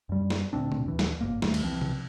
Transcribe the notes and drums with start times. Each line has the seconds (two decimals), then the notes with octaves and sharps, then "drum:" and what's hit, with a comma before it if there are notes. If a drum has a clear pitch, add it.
0.09 F#2 G3
0.30 drum: snare
0.53 D2 A#2 C4 D4
0.72 drum: tom A#2
0.85 D#2 E3
0.99 drum: snare
1.21 G1 E2 G#2 A#3
1.42 D#2 D#3 G3 A3, drum: snare
1.54 drum: cymbal
1.63 C2 E3 F3 C4
1.82 drum: tom C3